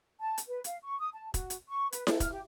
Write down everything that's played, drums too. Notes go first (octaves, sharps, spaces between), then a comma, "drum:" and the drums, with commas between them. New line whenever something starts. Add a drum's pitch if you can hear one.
A5
drum: hi-hat
B4
F5, drum: hi-hat
C#6
D#6
A5
F#4, drum: kick, hi-hat
drum: hi-hat
C#6
B4, drum: hi-hat
A4, drum: snare E4
F6, drum: kick, hi-hat
G4